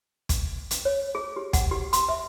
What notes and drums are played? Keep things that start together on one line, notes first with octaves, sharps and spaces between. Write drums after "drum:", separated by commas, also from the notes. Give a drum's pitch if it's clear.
drum: kick, hi-hat
drum: hi-hat
C#5
G#4
G4
F#5, drum: kick, hi-hat
G4
C6, drum: hi-hat
E5